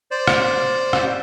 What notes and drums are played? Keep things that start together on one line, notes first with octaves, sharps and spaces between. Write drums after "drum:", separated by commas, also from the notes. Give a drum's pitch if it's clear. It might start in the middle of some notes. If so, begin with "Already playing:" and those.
C5 D5
drum: rim click
drum: rim click